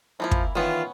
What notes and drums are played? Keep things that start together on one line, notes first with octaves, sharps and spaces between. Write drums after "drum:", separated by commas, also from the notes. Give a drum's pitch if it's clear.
E3 F3 A#3 E4
drum: kick
D#3 E3 B3 C#4 F4